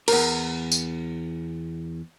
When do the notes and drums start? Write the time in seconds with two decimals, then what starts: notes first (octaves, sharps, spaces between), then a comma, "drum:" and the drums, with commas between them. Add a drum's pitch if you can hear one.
0.08 E2 A#4, drum: cymbal
0.72 drum: tambourine